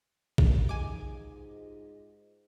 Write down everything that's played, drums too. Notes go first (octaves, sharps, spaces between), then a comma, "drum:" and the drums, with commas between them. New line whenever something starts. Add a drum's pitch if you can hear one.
drum: kick
G#2 F4 G4 D#5 G#5 D6